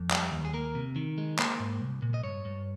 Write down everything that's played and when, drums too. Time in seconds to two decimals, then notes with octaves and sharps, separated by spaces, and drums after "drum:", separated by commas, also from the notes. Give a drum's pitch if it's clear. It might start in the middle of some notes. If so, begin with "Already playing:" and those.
Already playing: F2
0.11 G3, drum: clap
0.32 D#2
0.45 G#4
0.53 A#3 A#4
0.75 C3
0.96 D#3
1.18 G#3
1.39 A#3 C5, drum: clap
1.60 G#2
1.81 C2
2.02 A#2
2.14 D#5
2.23 G2 C#5
2.45 G2